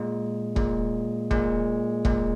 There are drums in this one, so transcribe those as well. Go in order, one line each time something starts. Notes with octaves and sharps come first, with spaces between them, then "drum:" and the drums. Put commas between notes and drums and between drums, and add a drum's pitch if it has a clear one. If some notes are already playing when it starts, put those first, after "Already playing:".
Already playing: A#2 G#3
A#2 G#3, drum: kick E1
A#2 G#3, drum: kick E1
A#2 G#3, drum: kick E1